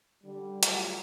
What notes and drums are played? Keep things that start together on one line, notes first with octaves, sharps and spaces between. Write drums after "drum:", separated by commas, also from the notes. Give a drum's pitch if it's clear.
D3 G3
F#3 G3 A3 F4 F#4 A4, drum: hi-hat